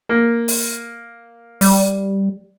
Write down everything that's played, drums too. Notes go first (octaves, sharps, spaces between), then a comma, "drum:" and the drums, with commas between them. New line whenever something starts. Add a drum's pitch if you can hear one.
A#3
drum: open hi-hat
G3, drum: open hi-hat